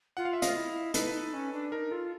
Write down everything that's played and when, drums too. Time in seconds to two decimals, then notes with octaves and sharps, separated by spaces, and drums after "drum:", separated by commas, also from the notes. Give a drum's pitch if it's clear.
0.17 F4 F#5
0.25 F5
0.33 E5
0.42 D#5 F5, drum: hi-hat
0.56 E4
0.94 D#4 A4 B4, drum: hi-hat
1.07 E4
1.14 D#4
1.33 C#4
1.53 D4
1.72 D#4 A#4
1.91 F4 A4